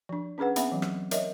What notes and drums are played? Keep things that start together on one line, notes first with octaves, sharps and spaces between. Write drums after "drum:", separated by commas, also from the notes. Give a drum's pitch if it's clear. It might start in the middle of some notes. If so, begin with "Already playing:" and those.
F3 D4
C#4 D4 G#4 B4 F#5
B3 C4 E5 F#5 B5, drum: hi-hat
E3 F#3
drum: rim click
A#4 C#5 D#5 E5, drum: hi-hat